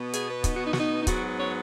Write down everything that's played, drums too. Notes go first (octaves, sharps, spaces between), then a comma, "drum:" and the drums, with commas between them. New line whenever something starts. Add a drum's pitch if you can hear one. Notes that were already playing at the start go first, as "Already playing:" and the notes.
Already playing: B2 B3
G#4, drum: hi-hat
B4
D#4, drum: kick, hi-hat
F#4
D#4
F#4, drum: snare
D#4
D#4
G#2 F#3 B3 F#4, drum: kick, hi-hat
C#5